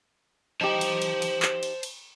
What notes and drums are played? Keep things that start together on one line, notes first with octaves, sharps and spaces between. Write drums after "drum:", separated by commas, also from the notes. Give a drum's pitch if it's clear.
D#4 G4 C5 A5
drum: cymbal
drum: cymbal
drum: cymbal
drum: clap
drum: cymbal
drum: cymbal